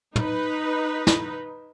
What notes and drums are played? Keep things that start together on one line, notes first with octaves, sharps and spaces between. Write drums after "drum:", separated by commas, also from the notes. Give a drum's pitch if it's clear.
D#4 B4, drum: tom
drum: snare